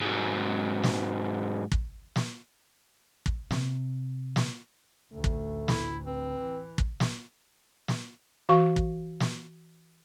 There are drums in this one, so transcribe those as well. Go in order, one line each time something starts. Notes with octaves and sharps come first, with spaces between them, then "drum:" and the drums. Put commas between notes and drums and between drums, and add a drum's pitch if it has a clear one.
G#2 F#3
drum: snare
drum: kick
drum: snare
drum: kick
C3, drum: snare
drum: snare
A1 D2 A3
drum: kick
E4, drum: snare
C4 B4
E3
drum: kick
drum: snare
drum: snare
E3 F#4 F5 C#6
drum: kick
drum: snare